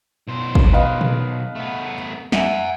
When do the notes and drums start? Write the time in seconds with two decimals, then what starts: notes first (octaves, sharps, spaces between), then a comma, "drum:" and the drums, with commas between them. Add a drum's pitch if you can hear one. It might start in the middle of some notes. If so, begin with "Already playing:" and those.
0.28 B1 C5
0.55 drum: kick A1
0.73 B4 D#5 F5
1.01 drum: tom A#2
1.55 A3 B3
2.32 E5 F#5 G#5, drum: snare